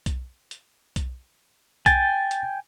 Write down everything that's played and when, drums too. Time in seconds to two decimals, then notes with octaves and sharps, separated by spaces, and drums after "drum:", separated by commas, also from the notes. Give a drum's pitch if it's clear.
0.06 drum: kick B1, hi-hat
0.51 drum: hi-hat
0.96 drum: kick B1, hi-hat
1.86 G5 G#5 A6, drum: kick B1, hi-hat
2.31 drum: hi-hat